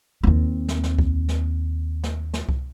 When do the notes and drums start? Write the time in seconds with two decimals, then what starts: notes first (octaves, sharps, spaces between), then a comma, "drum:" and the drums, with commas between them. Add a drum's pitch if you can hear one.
0.23 D#2 C4
0.68 drum: snare
0.83 drum: snare
0.98 drum: kick C2
1.29 drum: snare
2.04 drum: snare
2.34 drum: snare
2.49 drum: kick C2